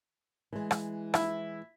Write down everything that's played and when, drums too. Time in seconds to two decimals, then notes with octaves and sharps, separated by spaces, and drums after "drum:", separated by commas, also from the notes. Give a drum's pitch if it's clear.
0.53 E3 G#3
0.71 drum: rim click
1.14 E4, drum: rim click